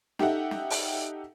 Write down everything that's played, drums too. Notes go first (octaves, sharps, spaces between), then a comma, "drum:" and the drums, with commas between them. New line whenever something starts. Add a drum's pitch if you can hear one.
D#4 G4 A4 E5 F#5, drum: snare
drum: snare
drum: open hi-hat